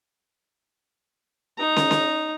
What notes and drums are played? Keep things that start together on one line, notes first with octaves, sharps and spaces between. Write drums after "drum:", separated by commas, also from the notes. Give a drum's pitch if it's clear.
D#4 A#5
drum: snare
drum: snare